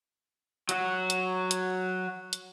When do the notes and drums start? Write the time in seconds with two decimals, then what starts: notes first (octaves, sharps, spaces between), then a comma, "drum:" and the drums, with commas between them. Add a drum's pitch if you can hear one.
0.69 F#3 F#4, drum: hi-hat
1.10 drum: hi-hat
1.51 drum: hi-hat
2.33 drum: hi-hat